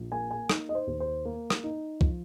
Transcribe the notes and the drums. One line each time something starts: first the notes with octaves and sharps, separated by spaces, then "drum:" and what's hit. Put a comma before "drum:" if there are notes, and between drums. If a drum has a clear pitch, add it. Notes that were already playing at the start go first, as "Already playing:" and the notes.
Already playing: A#1
A#3 G#5
G#5
D#4, drum: rim click
D#5
C5
D#2
C5
A#3
drum: rim click
D#4
F3, drum: kick